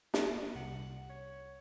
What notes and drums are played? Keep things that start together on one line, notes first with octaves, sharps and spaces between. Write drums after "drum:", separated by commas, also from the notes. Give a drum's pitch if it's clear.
D4, drum: snare
C2 F#5
C#5